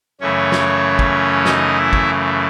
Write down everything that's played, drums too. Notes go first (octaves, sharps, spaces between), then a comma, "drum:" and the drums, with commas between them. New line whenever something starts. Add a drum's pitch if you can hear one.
F#2 C#3 E3 A3 C#4 C#5
drum: snare
drum: kick
D#4 D#5, drum: snare
E4 E5
drum: kick